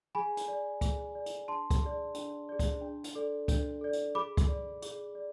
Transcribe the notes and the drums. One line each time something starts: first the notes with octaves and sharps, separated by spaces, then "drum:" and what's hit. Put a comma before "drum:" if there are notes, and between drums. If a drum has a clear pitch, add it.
G#4 G#5 B5
drum: hi-hat
D5
G#4, drum: kick C#2, hi-hat
D5
drum: hi-hat
D4 A5 C6
drum: kick C#2, hi-hat
G#4 D5
D4, drum: hi-hat
G#4 D5
drum: kick C#2, hi-hat
D4
drum: hi-hat
A4 D5
D4, drum: kick C#2, hi-hat
A4 D5
drum: hi-hat
G#4 B5 D6
drum: kick C#2, hi-hat
D5
G#4, drum: hi-hat
D5